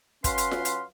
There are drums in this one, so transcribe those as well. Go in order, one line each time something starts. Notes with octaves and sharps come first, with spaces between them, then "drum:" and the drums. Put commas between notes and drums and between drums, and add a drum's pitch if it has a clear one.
F#3 C#4 B4 F5 C6, drum: kick, hi-hat
drum: hi-hat
drum: snare F4
drum: hi-hat